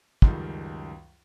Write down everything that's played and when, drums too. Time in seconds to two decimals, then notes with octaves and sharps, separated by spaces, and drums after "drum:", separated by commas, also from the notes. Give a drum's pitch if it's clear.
0.22 C#2 F#2 D#3 F3 G3, drum: kick